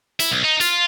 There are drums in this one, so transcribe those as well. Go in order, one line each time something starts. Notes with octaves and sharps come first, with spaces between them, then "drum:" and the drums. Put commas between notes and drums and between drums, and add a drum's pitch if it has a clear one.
E4, drum: hi-hat
B1
D#4
F4, drum: hi-hat